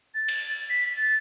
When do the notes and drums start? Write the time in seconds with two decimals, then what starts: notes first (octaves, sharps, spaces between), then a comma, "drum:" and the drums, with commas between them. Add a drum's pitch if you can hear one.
0.14 A6
0.28 drum: cymbal
0.70 B6
0.97 A6